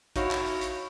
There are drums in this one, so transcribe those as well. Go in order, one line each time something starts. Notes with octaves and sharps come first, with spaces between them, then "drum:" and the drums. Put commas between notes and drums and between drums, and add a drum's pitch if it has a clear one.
D#4 E4 F#4 C#5 F5, drum: kick A1, hi-hat
drum: clap
drum: open hi-hat
drum: hi-hat